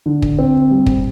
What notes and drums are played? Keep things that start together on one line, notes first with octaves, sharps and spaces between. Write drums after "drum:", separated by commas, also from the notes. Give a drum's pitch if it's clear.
D3
drum: kick
C4
G3
drum: kick